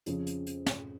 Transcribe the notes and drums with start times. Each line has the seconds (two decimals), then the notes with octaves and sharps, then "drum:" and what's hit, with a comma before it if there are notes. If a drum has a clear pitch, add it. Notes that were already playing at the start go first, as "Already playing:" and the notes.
0.06 F2 C#3 F3, drum: hi-hat
0.27 drum: hi-hat
0.47 drum: hi-hat
0.66 drum: snare